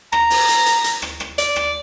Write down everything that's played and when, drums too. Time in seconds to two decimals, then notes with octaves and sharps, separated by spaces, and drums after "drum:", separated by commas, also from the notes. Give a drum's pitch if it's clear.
0.12 A#5, drum: rim click
0.30 drum: open hi-hat
0.48 drum: hi-hat
0.66 drum: hi-hat
0.84 drum: hi-hat
1.02 drum: rim click
1.20 drum: rim click
1.38 D5, drum: hi-hat
1.56 drum: rim click